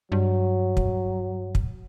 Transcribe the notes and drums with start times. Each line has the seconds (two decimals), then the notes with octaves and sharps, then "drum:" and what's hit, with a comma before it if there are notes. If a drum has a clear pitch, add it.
0.12 G2 F#3
0.77 drum: kick
1.55 drum: kick